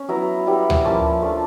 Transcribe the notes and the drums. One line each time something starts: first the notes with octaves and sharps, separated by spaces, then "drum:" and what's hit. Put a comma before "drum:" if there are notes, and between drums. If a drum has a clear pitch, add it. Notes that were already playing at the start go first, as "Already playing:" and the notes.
Already playing: C#4
F#3 B3 E4 A#5
G3 B3 E4
drum: tom D2
F3 A#3 C#4 E4 A5
F3 A3 D4 F4